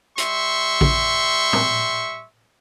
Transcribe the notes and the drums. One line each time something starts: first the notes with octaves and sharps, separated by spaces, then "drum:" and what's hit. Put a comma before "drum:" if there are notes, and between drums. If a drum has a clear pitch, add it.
G3 E5 C6 C#6, drum: hi-hat
drum: kick A1
drum: tom